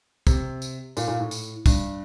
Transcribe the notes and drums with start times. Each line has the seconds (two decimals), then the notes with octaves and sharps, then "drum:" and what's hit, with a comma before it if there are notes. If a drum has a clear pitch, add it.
0.27 C3, drum: kick, tambourine
0.62 drum: tambourine
0.97 A#2, drum: tambourine
1.08 A#2
1.20 A2
1.31 drum: tambourine
1.66 G2, drum: kick, tambourine